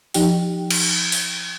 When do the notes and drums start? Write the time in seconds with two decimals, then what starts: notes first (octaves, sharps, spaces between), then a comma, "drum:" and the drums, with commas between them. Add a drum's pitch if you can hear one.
0.14 F3 D#4 G4 G5, drum: open hi-hat
0.70 drum: cymbal
1.12 drum: open hi-hat